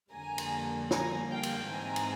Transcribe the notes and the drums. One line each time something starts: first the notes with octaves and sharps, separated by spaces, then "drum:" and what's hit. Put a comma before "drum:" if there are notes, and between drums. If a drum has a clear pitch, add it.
F2 D3 G3 A#3 G#5 A#5
drum: cymbal
G#5 A#5, drum: snare
F5 G5
drum: cymbal
G#2 E3 G#3 C4 D#4 G#5 A#5
drum: cymbal